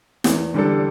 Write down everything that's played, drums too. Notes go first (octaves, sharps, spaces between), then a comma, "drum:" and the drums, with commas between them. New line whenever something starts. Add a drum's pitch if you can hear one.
E2, drum: snare
D3 G3 D4 A4